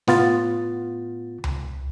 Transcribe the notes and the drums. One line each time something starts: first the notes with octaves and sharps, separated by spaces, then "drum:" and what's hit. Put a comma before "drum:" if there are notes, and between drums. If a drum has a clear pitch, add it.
A2 B3 F4 A6, drum: snare
drum: tom C#2